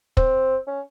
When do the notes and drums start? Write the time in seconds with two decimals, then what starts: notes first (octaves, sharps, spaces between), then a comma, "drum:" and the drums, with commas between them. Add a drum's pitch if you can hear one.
0.17 C4, drum: kick
0.67 C#4